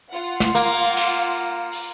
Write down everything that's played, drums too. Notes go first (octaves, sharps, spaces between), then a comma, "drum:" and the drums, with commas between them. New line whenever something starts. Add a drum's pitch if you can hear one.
F4 F#5
drum: snare
A#3, drum: hi-hat
drum: cymbal
drum: open hi-hat